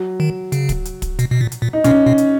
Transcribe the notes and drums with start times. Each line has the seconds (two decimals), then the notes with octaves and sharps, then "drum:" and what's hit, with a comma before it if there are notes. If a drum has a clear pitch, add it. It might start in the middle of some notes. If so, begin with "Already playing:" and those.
Already playing: F#3
0.20 D#3
0.52 C#3, drum: hi-hat
0.69 drum: kick, hi-hat
0.85 drum: hi-hat
1.02 drum: kick, hi-hat
1.19 B2, drum: hi-hat
1.31 B2
1.41 A#2
1.52 drum: hi-hat
1.62 A#2
1.73 D#4
1.84 B2 C#4, drum: hi-hat
2.06 B2
2.18 drum: hi-hat